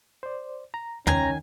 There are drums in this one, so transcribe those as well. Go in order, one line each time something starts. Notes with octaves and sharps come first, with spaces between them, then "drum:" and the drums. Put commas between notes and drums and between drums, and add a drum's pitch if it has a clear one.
C5 D5
A#5
C#2 D#3 C#4 G5 G#5 A#5, drum: tom